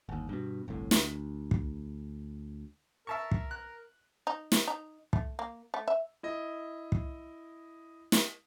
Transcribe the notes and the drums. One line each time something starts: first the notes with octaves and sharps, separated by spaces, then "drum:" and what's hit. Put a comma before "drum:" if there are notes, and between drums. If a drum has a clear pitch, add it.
G1 D#2
G2 B2
G1 C2 A2
D2, drum: snare
drum: kick
A#4 E5 A5 C#6
drum: kick
F#6
D#4
drum: snare
D#4
A3, drum: kick
A#3
A3
E5
E4 D#5
drum: kick
drum: snare